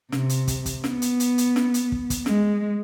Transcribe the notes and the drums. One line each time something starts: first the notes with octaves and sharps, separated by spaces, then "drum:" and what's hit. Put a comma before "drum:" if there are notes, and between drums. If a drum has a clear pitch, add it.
C3, drum: snare
drum: hi-hat
drum: kick, hi-hat
drum: kick, hi-hat
B3, drum: snare
drum: hi-hat
drum: hi-hat
drum: hi-hat
drum: snare
drum: hi-hat
drum: kick
drum: kick, hi-hat
G#3, drum: snare